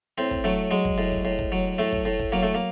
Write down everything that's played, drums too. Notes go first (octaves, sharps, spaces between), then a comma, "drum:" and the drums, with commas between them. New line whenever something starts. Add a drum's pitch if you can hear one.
A2 C4
drum: kick
F#3 A3
F#3 G#3
drum: kick
A2
drum: kick
A2
drum: kick
F#3
A2 A3
drum: kick
A2
drum: kick
F#3 A#3
A3
A#3